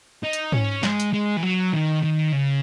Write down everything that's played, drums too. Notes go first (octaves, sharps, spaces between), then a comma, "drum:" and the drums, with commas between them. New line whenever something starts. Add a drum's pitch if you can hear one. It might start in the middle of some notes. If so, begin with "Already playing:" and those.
D#4
drum: hi-hat
C#4, drum: tom G#2
G#3, drum: snare
drum: hi-hat
G#3
E3
F#3
D#3
D#3
C#3